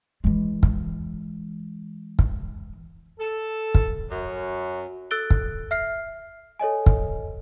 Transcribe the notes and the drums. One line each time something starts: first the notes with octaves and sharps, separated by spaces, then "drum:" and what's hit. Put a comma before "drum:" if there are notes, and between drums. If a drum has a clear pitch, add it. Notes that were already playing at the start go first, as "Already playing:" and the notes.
E3 G#3
drum: kick
drum: kick
A4
drum: kick
F#2
A4 E6 F#6 A6 D7 G7
drum: kick
E5 F6 C7
A4 C#5 D#5 G#5
drum: kick